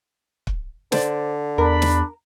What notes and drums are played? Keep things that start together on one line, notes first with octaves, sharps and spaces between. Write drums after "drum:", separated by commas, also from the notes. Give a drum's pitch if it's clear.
drum: kick
D3 C5 D5, drum: snare
E2 D4 A#4 B5
drum: snare